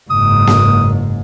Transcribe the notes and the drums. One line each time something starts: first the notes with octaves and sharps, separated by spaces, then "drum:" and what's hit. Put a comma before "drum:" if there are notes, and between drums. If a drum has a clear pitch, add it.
F#1 G#2 D#6
drum: snare A#3